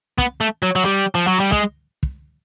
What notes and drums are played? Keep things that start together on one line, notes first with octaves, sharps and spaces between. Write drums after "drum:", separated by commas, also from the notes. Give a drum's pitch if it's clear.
B3, drum: kick
A3
F#3
F#3
G3
F3
F#3
G3
G#3, drum: kick
drum: kick